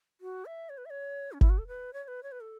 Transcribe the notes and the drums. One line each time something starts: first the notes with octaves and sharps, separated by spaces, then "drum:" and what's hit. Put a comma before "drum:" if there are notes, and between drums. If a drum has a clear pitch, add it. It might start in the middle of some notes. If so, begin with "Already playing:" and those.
F#4
E5
C#5
B4
E5
C#5
C#4
E4, drum: kick G1
F#4
A4
B4
C#5
C#5
B4
C#5
B4
A4